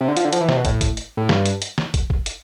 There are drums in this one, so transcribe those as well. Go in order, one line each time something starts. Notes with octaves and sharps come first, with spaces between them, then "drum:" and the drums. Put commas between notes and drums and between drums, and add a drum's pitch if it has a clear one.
C3
D3
F3, drum: hi-hat
D3
F3, drum: hi-hat
E3
C3, drum: snare
B2
A2, drum: kick, hi-hat
drum: kick, hi-hat
drum: hi-hat
A2
G2, drum: snare
drum: hi-hat
drum: hi-hat
drum: snare
drum: kick, hi-hat
drum: kick
drum: hi-hat